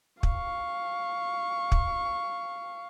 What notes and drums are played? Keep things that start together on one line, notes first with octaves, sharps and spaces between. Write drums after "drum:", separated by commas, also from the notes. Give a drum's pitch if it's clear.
F5 C#6, drum: kick
drum: kick